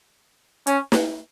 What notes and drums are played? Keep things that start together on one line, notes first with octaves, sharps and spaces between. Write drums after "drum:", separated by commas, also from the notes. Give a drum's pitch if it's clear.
C#4, drum: hi-hat
drum: snare